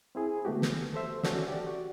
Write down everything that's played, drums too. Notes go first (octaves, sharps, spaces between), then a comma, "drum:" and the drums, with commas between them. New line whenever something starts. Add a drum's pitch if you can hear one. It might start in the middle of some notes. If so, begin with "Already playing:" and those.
C4 E4 G#4
D3 A3 B3 F#4 G4
drum: snare
A4 C5 E5
C#4 F#4 A4 D5 E5, drum: snare
G4 D5
F#4